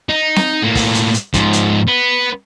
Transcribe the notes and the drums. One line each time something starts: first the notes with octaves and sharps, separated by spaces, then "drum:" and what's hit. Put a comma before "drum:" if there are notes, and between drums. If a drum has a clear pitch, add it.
D#4
drum: snare C4
A2 A#3
drum: kick, open hi-hat
drum: hi-hat
drum: hi-hat
G#2 F3, drum: kick, hi-hat
drum: hi-hat
B3